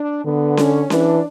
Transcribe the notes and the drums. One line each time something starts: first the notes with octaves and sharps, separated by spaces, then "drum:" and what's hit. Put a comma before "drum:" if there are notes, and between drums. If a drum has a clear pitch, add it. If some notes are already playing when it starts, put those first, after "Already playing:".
Already playing: D4
D3 B3
C#4, drum: snare C#4
E3 D4, drum: snare C#4